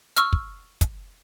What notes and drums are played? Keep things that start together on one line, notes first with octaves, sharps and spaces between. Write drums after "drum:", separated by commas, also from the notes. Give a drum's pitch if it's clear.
C#6 E6 F6, drum: hi-hat
drum: kick
drum: kick, hi-hat